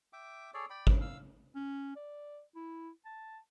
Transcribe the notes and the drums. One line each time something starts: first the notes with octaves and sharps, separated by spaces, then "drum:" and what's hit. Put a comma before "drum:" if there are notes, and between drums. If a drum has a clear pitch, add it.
E5 G5 D6
G#4 A4 C#5 D5
D5 G5 B5
drum: kick
F5 E6
C#4
D5
E4
A5